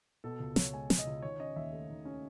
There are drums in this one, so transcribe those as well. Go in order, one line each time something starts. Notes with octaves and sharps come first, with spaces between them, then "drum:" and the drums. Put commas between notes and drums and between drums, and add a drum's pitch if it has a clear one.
B2 A4
C#2
C#2 C#5, drum: snare
G#3 G#5
B2, drum: snare
D#5
C#2
D#3 C#5
C#4 D#5
D#2 E5
A3
D#3
C#4